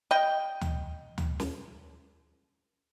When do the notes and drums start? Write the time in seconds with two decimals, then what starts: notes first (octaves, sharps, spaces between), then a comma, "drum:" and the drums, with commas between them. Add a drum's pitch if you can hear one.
0.11 D#5 G5
0.61 drum: tom D2
1.18 drum: tom D2
1.40 drum: snare